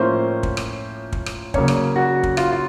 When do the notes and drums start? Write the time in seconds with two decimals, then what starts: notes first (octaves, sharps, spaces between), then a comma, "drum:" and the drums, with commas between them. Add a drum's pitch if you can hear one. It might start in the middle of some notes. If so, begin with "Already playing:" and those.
Already playing: A2 F3 A#3 C#4 C5
0.43 drum: kick
0.57 drum: rim click
1.12 drum: kick
1.26 drum: rim click
1.54 C#3 F#3 A#3 C#4 C#5, drum: kick
1.68 drum: rim click
1.96 F#4
2.23 drum: kick
2.37 F4, drum: rim click
2.52 F4